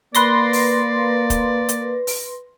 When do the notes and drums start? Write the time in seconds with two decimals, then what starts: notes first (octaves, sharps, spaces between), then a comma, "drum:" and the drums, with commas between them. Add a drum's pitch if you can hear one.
0.15 A#3 B4 D5 C6 A#6, drum: hi-hat
0.53 drum: open hi-hat
1.30 drum: kick, hi-hat
1.69 drum: hi-hat
2.07 drum: open hi-hat